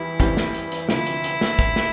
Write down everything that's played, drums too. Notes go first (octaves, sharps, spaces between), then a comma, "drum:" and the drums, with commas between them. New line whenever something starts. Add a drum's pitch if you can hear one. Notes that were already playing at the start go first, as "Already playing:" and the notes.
Already playing: E2 E3 G3 E4
E2 E3 G3 C4, drum: kick, hi-hat
drum: snare
drum: hi-hat
drum: hi-hat
D2 C3 F3 E4, drum: snare
drum: hi-hat
drum: hi-hat
drum: snare
drum: kick, hi-hat
drum: snare